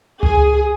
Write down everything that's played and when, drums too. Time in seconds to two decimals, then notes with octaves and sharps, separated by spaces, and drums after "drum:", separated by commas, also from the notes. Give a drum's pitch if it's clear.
0.23 G#4, drum: tom C#2